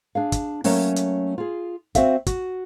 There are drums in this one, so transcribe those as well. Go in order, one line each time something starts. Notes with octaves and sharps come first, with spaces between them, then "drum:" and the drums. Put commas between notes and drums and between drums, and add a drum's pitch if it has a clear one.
D4 G#4 F5
drum: kick, hi-hat
F#3 A3 A#3 C#4, drum: open hi-hat
drum: hi-hat
F4 G#4
C4 F#4 C5 E5 F5, drum: kick, hi-hat
F#4, drum: kick, hi-hat